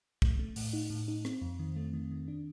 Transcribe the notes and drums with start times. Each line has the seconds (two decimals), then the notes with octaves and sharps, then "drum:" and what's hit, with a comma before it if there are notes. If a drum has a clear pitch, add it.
0.22 A3, drum: kick
0.39 A3
0.56 A2, drum: open hi-hat
0.73 D#4
0.90 A2
1.08 D#4
1.25 C4, drum: rim click
1.41 F2
1.59 D#3
1.76 A3
1.93 D#3
2.11 D#3
2.28 D4